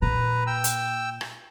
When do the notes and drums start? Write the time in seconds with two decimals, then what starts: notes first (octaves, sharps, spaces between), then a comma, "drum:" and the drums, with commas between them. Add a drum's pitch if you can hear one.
0.02 A#2 B4 A#5
0.47 G5 E6
0.64 drum: hi-hat
1.21 drum: rim click